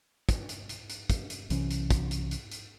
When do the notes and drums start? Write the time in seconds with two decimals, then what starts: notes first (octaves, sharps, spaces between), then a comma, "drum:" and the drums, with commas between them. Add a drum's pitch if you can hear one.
0.29 drum: kick, hi-hat
0.49 drum: hi-hat
0.69 drum: hi-hat
0.89 drum: hi-hat
1.10 drum: kick, hi-hat
1.30 drum: hi-hat
1.50 B1 C3 E3 C#4, drum: hi-hat
1.70 drum: hi-hat
1.91 drum: kick, hi-hat
2.11 drum: hi-hat
2.31 drum: hi-hat
2.51 drum: hi-hat